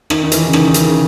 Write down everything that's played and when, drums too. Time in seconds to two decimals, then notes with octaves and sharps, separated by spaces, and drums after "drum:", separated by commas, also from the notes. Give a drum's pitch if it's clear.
0.10 D#3, drum: rim click
0.23 D#3
0.32 E3, drum: hi-hat
0.47 C#3
0.53 D#3, drum: rim click
0.74 C#3, drum: hi-hat
0.87 C#3